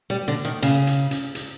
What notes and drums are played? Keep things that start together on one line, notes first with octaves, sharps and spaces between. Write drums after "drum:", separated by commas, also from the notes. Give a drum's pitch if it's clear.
G3
D3
D#3
C#3, drum: hi-hat
drum: hi-hat
drum: hi-hat
drum: hi-hat